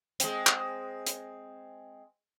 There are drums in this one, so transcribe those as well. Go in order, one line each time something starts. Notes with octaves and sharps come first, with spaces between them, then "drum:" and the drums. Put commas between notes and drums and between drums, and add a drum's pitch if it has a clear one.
G#3 C4, drum: hi-hat
drum: clap
drum: hi-hat